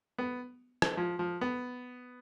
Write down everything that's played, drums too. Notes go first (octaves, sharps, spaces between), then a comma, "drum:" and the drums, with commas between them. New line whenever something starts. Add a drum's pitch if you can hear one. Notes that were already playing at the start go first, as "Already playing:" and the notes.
B3
drum: rim click
F3
F3
B3